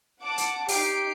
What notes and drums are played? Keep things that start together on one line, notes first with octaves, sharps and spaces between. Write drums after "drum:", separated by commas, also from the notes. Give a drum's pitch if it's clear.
F#5 A5 D6
drum: hi-hat
D#4 G4 C7 D7, drum: open hi-hat